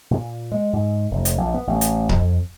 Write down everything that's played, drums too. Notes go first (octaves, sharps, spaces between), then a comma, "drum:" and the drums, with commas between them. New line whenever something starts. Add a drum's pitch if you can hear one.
A#2
G#3
G#2
F1
drum: hi-hat
A#1
B3
A1
drum: hi-hat
F2, drum: kick C#1